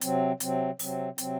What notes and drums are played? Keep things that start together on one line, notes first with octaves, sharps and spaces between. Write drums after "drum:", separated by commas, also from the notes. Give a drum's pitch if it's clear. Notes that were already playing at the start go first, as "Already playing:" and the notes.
C3 F#3 C4, drum: hi-hat
C3 F#3 C4, drum: hi-hat
C3 F#3 C4, drum: open hi-hat
C3 F#3 C4, drum: hi-hat